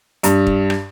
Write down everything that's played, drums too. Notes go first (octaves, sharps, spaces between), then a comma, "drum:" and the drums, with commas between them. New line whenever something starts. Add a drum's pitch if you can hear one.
G2, drum: hi-hat
drum: kick
drum: rim click